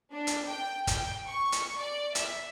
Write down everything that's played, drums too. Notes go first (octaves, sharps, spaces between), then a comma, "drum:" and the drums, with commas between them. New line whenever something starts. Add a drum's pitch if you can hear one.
D4
drum: hi-hat
G5
G5, drum: kick G1, hi-hat
C#6
drum: hi-hat
D5
E5, drum: hi-hat